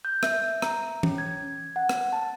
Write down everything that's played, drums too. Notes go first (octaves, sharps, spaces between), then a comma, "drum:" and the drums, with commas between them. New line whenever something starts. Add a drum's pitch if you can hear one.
G6
E5, drum: rim click
A#5, drum: rim click
C#4, drum: tom
G#6
F#5
drum: rim click
A5